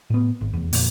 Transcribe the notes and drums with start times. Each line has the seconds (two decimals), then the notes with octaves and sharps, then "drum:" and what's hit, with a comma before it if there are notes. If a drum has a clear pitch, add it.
0.10 A2 B3
0.41 G#1
0.53 F1 E2
0.73 F2 A#2, drum: open hi-hat